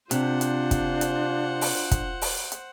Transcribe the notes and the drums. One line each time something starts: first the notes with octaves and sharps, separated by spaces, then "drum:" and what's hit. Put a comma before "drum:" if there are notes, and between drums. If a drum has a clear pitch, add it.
C3 D4 F4 C5 F#5, drum: hi-hat
drum: hi-hat
drum: kick, hi-hat
drum: hi-hat
drum: open hi-hat
drum: kick, hi-hat
drum: open hi-hat
drum: hi-hat